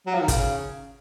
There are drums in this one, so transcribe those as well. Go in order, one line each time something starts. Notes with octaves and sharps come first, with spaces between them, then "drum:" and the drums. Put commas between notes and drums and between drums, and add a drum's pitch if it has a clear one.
F#3
F3
D#3
C#3, drum: kick, hi-hat